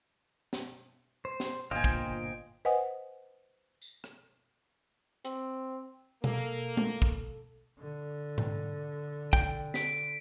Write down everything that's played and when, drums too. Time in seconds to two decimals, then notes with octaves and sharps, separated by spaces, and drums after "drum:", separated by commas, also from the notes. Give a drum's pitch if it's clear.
0.53 drum: snare
1.25 C5
1.40 drum: snare
1.71 G1 A#2 C5 D#5 F5 G5 G#5
1.84 drum: kick
2.65 B4 C5 D#5 F#5 G#5 D#6
3.82 drum: tambourine
4.04 drum: rim click
5.25 C4, drum: hi-hat
6.24 A#3 A4, drum: tom B2
6.77 drum: tom
7.02 drum: kick
7.79 D3
8.38 drum: tom G#2
9.33 G5, drum: kick
9.74 B6 D7, drum: snare